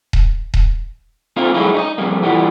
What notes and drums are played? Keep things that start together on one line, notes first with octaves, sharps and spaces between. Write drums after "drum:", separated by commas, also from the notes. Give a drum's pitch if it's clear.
drum: kick D#1
drum: kick D#1
A#3 C4 D#4 F4 A#4
F#3 G#3 A#3 C#4 D#4 E4
D#4 C#5 D#5
F2 G3 A#3
A#2 E3 G3 B3